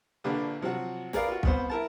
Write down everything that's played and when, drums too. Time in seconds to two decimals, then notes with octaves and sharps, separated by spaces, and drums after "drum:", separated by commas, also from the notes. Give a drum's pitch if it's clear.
0.24 A#1 D3 A#3 D4 G4 B4
0.61 C3 F3 F#3 F#4
1.13 G#4 A#4 B4 D5 F5, drum: snare
1.28 F4 F#4
1.43 C2 B3 C5, drum: kick
1.70 E4 A#4 A5